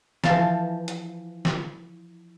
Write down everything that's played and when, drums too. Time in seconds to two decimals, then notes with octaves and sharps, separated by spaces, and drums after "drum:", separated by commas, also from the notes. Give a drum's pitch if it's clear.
0.24 E3 F3 F5 A5, drum: snare
0.88 drum: hi-hat
1.45 drum: snare